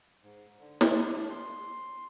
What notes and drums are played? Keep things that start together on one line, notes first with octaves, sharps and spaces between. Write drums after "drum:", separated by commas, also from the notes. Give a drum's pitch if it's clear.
G#2
D3
drum: snare
D4
C6